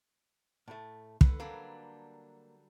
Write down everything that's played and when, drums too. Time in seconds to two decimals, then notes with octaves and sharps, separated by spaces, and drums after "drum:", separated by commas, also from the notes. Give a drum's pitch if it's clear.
0.68 A2 A3
1.21 D3 B4, drum: kick
1.40 F#3 G3 A#3 D4